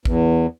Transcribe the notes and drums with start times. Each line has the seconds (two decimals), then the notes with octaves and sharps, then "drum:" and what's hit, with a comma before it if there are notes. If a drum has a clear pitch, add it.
0.05 E2, drum: kick